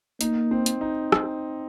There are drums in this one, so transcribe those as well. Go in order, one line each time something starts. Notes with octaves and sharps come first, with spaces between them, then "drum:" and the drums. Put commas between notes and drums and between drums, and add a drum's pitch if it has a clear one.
A#3 D#4, drum: hi-hat
C4
drum: hi-hat
D#4
C4, drum: rim click